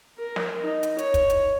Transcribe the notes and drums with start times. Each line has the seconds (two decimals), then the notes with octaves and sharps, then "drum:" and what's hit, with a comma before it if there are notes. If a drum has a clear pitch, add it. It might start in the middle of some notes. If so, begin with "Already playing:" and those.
0.18 A#4
0.36 drum: snare
0.60 D#4
0.83 drum: hi-hat
0.98 C#5, drum: hi-hat
1.14 drum: kick, hi-hat
1.30 drum: hi-hat